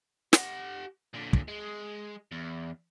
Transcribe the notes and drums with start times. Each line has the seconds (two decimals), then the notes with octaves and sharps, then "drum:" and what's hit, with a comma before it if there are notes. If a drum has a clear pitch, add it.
0.33 G4 F#5, drum: snare
1.13 A#2 D3
1.33 drum: kick
1.48 G#3
2.32 E2